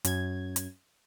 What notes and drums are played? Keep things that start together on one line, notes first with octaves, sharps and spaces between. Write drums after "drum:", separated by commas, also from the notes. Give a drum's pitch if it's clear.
F#2 G#6, drum: hi-hat
drum: hi-hat